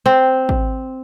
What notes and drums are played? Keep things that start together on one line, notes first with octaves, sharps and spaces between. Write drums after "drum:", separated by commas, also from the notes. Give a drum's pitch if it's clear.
C4
drum: kick